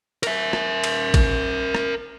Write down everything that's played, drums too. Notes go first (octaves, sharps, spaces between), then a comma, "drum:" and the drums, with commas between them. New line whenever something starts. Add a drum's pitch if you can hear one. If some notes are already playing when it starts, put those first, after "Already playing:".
A#4 E5, drum: cymbal
drum: rim click
drum: cymbal
drum: kick A1, cymbal
drum: rim click